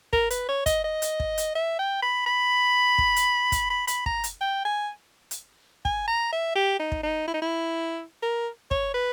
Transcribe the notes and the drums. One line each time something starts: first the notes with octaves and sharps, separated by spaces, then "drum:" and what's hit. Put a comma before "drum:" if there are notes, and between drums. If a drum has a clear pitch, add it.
A#4, drum: kick
B4, drum: hi-hat
C#5
D#5, drum: kick, hi-hat
D#5
drum: hi-hat
drum: kick
drum: hi-hat
E5
G5
B5
B5
drum: kick
drum: hi-hat
drum: kick, hi-hat
B5
B5, drum: hi-hat
A#5, drum: kick
drum: hi-hat
G5
G#5
drum: hi-hat
G#5, drum: kick
A#5
E5
G4
D#4
drum: kick
D#4
E4
D#4
E4
A#4
C#5, drum: kick
B4